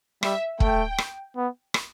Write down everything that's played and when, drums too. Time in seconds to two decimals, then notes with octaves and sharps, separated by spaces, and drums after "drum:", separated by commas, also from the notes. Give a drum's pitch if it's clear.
0.23 G3 E5, drum: rim click
0.60 A3 G5, drum: kick
0.98 drum: rim click
1.36 B3
1.74 drum: rim click